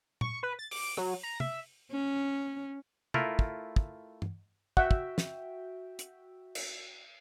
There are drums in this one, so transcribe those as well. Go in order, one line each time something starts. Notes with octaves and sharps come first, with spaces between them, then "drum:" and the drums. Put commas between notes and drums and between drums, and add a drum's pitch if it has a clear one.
C#6, drum: tom A#2
B4
A6
D6, drum: open hi-hat
F#3, drum: rim click
A#5
E5, drum: tom
C#4
A3 E4 F4 A#4, drum: tom
drum: kick
drum: kick
drum: tom G2
F#4 E5 F#5 G5, drum: kick
drum: kick
drum: snare
drum: hi-hat
drum: cymbal